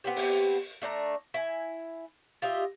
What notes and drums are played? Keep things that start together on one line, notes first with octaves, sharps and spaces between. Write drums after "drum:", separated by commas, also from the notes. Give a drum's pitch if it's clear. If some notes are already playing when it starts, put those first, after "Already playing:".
B3 C4 G4
drum: open hi-hat
A3 D4 G5 A#5
E4 G#5
F4 G4 D#5 E5